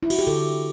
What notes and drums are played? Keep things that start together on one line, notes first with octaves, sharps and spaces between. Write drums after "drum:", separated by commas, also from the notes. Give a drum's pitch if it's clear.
E4
F#4, drum: cymbal
G4
D3 A4